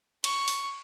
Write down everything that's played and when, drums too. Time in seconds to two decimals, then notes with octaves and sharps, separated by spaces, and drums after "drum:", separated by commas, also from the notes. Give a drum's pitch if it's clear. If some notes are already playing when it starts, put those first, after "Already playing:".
0.24 C#6, drum: cymbal
0.48 drum: open hi-hat